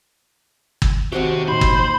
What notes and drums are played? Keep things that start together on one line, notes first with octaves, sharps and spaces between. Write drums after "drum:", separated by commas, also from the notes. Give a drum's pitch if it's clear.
drum: kick
D#2 C4 F#4 G4 C5
A#2 D#4 C5 B5
drum: kick